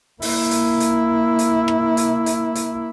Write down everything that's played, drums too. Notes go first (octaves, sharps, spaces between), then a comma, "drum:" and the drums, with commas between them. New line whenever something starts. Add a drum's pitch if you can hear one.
A#3 E4, drum: open hi-hat
drum: hi-hat
drum: hi-hat
drum: hi-hat
drum: rim click
drum: hi-hat
drum: hi-hat
drum: hi-hat